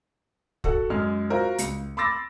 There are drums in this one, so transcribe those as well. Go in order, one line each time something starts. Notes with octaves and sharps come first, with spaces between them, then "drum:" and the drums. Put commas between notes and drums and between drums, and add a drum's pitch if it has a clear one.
F#4 A4 F#5, drum: kick
F#2 G#3 F6
F4 F#4 A#4 C5
C#2 C#7, drum: hi-hat
B5 C6 D6 E6 A6 A#6